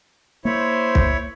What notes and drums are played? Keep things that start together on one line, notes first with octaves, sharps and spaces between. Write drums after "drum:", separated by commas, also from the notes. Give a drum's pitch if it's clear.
A#3 E4 C5 C#5
drum: kick